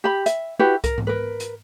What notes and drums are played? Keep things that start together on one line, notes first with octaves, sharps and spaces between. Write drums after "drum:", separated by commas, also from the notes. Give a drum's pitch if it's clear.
G4 B5
E5, drum: hi-hat
E4 F#4 G4 B4
A#4, drum: kick C2, hi-hat
drum: tom G#2
A#4 B4
drum: hi-hat